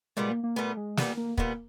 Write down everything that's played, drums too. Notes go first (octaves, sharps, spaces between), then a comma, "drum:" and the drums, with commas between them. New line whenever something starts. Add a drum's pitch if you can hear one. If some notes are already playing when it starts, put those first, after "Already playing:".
A#2 G3 G#3 B3
A#3
A#3
A#2 G3 A3 B3
G#3
A#2 G3 A#3 B3, drum: snare
A#3
A#2 G3 A#3 B3, drum: kick